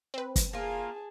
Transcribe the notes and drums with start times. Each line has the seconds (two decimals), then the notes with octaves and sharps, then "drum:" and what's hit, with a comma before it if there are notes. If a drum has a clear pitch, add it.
0.14 C4 B4
0.36 drum: kick F#1, hi-hat
0.53 A#3 F4 G#4 A5